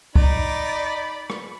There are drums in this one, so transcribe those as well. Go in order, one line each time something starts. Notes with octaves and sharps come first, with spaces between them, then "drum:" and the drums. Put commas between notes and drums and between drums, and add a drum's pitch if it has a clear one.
D#4 D5 B5, drum: kick
drum: rim click